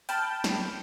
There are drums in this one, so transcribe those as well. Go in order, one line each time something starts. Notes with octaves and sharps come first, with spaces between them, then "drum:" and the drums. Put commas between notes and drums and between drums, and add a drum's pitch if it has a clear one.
G5 A5 B5 F6, drum: hi-hat
drum: snare